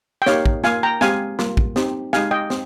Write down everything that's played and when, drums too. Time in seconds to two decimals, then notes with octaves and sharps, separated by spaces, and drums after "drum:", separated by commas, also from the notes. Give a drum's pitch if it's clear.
0.22 G5
0.26 A#3 D#4 G4 C#5 F5, drum: snare
0.46 drum: kick
0.64 A#3 F4 F5 G#5, drum: snare
0.83 G5 A#5
1.01 G#3 C4 G4 F5 G#5, drum: snare
1.39 G3 A#3 F4, drum: snare
1.57 drum: kick
1.76 C4 D#4 G4, drum: snare
2.13 G#3 D#4 G4 F5 G#5, drum: snare
2.31 D#5 G5
2.50 C4, drum: snare